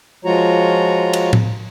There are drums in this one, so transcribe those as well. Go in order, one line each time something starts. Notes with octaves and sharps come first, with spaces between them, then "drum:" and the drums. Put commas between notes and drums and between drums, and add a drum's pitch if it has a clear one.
F3 G#3 F4 F#4 C#5 A#5
drum: cymbal
drum: tom A2